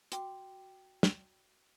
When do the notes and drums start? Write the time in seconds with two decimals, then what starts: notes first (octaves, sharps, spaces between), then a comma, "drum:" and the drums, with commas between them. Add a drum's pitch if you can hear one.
0.12 F#4 G5 D6, drum: hi-hat
1.03 drum: snare